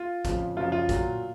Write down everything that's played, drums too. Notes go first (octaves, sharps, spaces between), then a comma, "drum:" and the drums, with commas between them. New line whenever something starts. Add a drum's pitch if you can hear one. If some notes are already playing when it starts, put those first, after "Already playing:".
Already playing: F4
F2 C#3 F3, drum: kick, hi-hat
F#2 C#3 F3 F4
F4
A#2 F#3, drum: kick, hi-hat